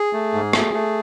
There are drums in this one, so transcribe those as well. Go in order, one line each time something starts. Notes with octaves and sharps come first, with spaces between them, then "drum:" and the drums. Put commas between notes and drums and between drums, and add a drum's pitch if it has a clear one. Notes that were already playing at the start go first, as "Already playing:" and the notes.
Already playing: G#4
A3
G#2
A3, drum: rim click
A3